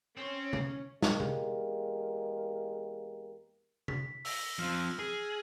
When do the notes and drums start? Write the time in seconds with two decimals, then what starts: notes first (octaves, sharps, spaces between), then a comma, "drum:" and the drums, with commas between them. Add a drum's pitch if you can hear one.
0.17 C4 C#4
0.53 drum: tom C3
1.03 E2 G#3 A#3 G4 A#4, drum: snare
1.20 drum: tom C3
3.88 B6, drum: tom C3
4.25 E6 A#6, drum: open hi-hat
4.59 F3 C4 F6
4.99 G#4